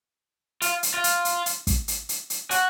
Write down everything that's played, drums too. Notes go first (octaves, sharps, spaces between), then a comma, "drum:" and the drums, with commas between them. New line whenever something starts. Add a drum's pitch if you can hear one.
F4, drum: hi-hat
drum: hi-hat
F4
drum: hi-hat
drum: hi-hat
drum: hi-hat
drum: kick, hi-hat
drum: hi-hat
drum: hi-hat
drum: hi-hat
F#4, drum: hi-hat